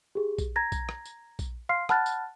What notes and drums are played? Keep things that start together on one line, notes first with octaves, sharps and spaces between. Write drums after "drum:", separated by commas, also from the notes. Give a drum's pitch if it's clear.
G4 G#4
drum: kick A#1, tambourine
A#5 G#6 A#6
drum: kick A#1, tambourine
drum: rim click
drum: tambourine
drum: kick A#1, tambourine
F5 C6 F6 C7
F#5 A5 B5 F6 F#6 A6, drum: rim click
drum: tambourine